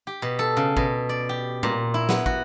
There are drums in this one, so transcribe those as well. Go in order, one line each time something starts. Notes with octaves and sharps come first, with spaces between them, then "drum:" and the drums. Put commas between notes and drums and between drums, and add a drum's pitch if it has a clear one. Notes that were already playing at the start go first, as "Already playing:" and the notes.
G4
B2
A4
C#3
B2, drum: kick
D5
G4
A#2, drum: tom A#2
E4
B3, drum: snare
F#4, drum: kick